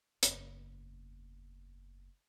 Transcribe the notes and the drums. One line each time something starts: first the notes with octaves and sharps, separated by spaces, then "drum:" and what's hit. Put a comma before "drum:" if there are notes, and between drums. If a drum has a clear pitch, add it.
F#1 E2, drum: hi-hat